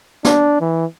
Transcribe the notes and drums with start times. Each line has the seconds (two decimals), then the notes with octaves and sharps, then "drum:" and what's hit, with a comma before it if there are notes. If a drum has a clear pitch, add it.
0.25 D4, drum: snare
0.61 E3